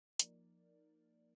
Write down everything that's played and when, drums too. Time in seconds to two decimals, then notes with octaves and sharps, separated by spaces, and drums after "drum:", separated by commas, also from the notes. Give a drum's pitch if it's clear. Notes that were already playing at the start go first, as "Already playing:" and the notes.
0.20 F3 A#3 D#4 A#4 D5, drum: hi-hat